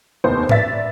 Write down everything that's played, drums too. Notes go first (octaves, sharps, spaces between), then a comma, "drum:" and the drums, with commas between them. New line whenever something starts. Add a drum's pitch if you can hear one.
F1 D#2 B3 C5
B4 D5 E5 A6 B6, drum: tom G#2